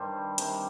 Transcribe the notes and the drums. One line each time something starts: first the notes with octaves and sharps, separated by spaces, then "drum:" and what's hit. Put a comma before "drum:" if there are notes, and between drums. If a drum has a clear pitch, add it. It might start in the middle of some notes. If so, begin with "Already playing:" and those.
Already playing: G2 D#3 G3 C5
C3 D#3 G3, drum: hi-hat